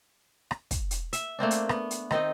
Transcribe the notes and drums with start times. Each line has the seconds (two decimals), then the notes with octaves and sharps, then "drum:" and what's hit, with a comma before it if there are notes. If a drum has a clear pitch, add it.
0.51 drum: rim click
0.71 drum: kick, hi-hat
0.91 drum: hi-hat
1.13 E5, drum: hi-hat
1.39 A3 A#3 C4 D4
1.51 drum: hi-hat
1.69 B3, drum: rim click
1.91 drum: hi-hat
2.11 D#3 C4 D#4 D#5, drum: rim click